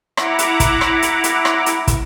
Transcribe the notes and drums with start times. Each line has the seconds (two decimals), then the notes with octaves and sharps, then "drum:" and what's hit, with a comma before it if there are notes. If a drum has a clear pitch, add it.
0.17 E4 F#5 A#5 D6, drum: rim click
0.39 drum: hi-hat
0.60 drum: kick, hi-hat
0.81 drum: rim click
1.02 drum: hi-hat
1.24 drum: hi-hat
1.45 drum: rim click
1.66 drum: hi-hat
1.87 drum: kick, hi-hat